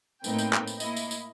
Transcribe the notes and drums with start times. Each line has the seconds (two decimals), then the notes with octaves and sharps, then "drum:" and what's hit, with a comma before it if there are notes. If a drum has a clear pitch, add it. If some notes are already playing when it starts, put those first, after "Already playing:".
0.24 A2 A#3 C4 D#4 B4 G5, drum: tambourine
0.39 drum: tambourine
0.53 drum: clap
0.67 drum: tambourine
0.80 A#3 E4 D#5, drum: tambourine
0.96 drum: tambourine
1.11 drum: tambourine